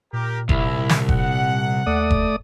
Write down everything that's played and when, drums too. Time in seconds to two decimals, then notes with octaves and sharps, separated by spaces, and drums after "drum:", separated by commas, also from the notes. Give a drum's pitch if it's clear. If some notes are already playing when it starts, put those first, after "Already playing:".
0.13 A#2 G4 A#4
0.49 C2 E4, drum: kick F1
0.89 drum: snare
1.09 F#5, drum: kick F1
1.86 D#2 A3 D5 D#6
2.10 drum: kick F1